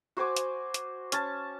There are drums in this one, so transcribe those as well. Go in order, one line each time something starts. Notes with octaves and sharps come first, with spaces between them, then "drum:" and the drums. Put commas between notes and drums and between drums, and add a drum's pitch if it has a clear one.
F#4 C5 G#5 D6
drum: hi-hat
drum: hi-hat
C#4 A5, drum: hi-hat